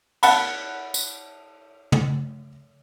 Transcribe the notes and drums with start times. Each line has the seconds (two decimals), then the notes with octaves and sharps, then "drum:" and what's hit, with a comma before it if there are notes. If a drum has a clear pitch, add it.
0.23 E5 F#5 A5 B5, drum: cymbal
0.94 drum: tambourine
1.92 drum: tom